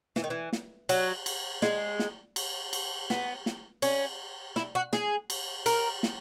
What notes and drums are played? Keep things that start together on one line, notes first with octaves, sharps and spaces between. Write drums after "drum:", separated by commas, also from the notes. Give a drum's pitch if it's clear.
E3, drum: snare
D#3
E3
drum: snare
F#3, drum: cymbal
drum: cymbal
G#3, drum: snare
drum: snare
drum: cymbal
drum: cymbal
B3, drum: snare
drum: snare
C#4, drum: cymbal
E4, drum: snare
F#4
G#4, drum: snare
drum: cymbal
A#4, drum: cymbal
drum: snare